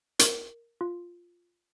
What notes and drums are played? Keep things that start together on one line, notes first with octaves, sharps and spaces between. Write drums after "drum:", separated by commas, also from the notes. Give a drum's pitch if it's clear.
A#4, drum: hi-hat
F4